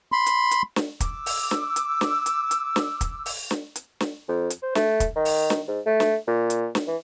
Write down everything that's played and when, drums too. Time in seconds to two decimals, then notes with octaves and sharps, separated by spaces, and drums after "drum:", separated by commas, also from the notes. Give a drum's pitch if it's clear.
0.12 B5 C6
0.26 drum: hi-hat
0.51 drum: hi-hat
0.76 drum: snare
1.00 D6 E6, drum: kick, hi-hat
1.26 drum: open hi-hat
1.51 drum: snare
1.76 drum: hi-hat
2.01 drum: snare
2.26 drum: hi-hat
2.51 drum: hi-hat
2.76 drum: snare
3.01 drum: kick, hi-hat
3.26 drum: open hi-hat
3.51 drum: snare
3.76 drum: hi-hat
4.00 drum: snare
4.28 F2
4.50 drum: hi-hat
4.62 C5
4.75 A3, drum: snare
5.00 drum: kick, hi-hat
5.16 D#3
5.25 drum: open hi-hat
5.50 drum: snare
5.68 G#2
5.86 A3
6.00 drum: snare
6.27 A#2
6.50 drum: hi-hat
6.75 drum: snare
6.87 E3